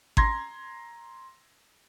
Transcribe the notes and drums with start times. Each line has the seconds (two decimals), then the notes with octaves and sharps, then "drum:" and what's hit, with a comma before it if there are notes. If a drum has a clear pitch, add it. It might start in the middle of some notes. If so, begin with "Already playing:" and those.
0.17 A#5 C6 G#6 A#6, drum: kick G#1